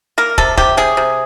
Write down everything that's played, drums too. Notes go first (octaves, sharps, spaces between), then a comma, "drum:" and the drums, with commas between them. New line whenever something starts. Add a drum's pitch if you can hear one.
A#3 A#4
C3 A4, drum: kick
C3 G4, drum: kick
C3 G#4
C3